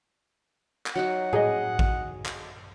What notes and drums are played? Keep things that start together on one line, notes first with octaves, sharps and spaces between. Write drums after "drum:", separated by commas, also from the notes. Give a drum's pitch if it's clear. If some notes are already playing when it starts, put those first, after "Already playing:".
drum: clap
F#3 D#4 F#4 F#5
G#4 D#5, drum: tom A2
drum: kick A1
drum: clap